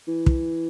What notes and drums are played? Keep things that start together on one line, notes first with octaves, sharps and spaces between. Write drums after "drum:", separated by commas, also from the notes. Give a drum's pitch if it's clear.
E3
drum: kick